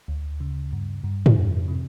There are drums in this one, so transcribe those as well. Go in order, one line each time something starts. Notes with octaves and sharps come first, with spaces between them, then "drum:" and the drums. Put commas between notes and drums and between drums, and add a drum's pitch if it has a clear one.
D2
C#3
G2
G2
drum: tom
F2
C3